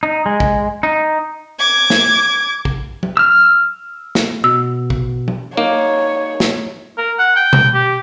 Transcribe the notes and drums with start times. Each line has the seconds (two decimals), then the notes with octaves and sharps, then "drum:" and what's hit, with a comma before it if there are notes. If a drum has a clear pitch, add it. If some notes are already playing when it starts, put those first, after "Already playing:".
0.03 D#4
0.26 G#3
0.40 drum: kick
0.83 D#4
1.59 D6 G#6
1.90 drum: snare
2.65 drum: kick
3.03 drum: tom F#3
3.17 E6 F6
4.15 drum: snare
4.44 B2 E6
4.90 drum: kick
5.28 drum: tom F#3
5.57 A#3 D#4 C#5
6.40 drum: snare
6.98 A#4
7.19 F#5
7.36 G5
7.53 drum: tom B2
7.74 G4